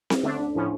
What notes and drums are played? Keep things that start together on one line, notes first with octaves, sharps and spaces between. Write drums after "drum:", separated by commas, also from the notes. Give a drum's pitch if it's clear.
drum: snare C4
D3 A3 C#4 D4
D4
A2 F3 C#4 E4